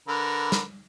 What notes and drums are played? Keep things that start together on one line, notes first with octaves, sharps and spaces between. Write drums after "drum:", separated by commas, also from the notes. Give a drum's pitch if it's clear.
D3 A#4 B4
drum: snare